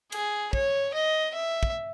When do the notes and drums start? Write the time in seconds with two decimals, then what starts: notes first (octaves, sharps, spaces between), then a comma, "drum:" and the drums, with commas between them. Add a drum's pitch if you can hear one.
0.12 G#4, drum: cymbal
0.53 C#5, drum: kick
0.94 D#5
1.35 E5
1.63 drum: kick